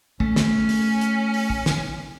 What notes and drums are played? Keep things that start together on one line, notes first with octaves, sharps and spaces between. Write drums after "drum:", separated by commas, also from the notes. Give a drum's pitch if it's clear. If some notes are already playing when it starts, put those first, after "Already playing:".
A3 C#4, drum: kick A#1
drum: snare
drum: open hi-hat
drum: hi-hat
drum: open hi-hat
drum: kick A#1
drum: snare